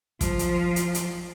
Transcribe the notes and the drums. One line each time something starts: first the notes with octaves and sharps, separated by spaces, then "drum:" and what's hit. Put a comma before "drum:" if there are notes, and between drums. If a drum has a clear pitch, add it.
F3, drum: kick, hi-hat
drum: hi-hat
drum: hi-hat
drum: hi-hat